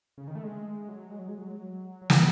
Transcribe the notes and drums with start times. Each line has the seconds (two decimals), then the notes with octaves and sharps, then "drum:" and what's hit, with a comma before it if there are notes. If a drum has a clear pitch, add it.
0.18 C#3
0.28 D#3
0.35 A3
0.44 G#3
0.89 F#3
1.11 G#3
1.19 F#3
1.29 G#3
1.38 F#3
2.02 F#3
2.10 E3, drum: snare